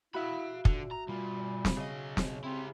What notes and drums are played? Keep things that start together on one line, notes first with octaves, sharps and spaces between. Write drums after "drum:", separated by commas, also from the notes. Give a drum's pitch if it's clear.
E4 F#4 E5 F5 B5
A#2 D3, drum: kick
A#5
B2 G3 F4
drum: snare
B1 C#3 D#5
drum: snare
C4 E4 G4